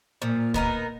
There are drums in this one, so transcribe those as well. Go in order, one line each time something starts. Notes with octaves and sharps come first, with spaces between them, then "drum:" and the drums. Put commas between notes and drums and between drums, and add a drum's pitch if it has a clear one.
A#2 F3
B3 D#4 A#4, drum: kick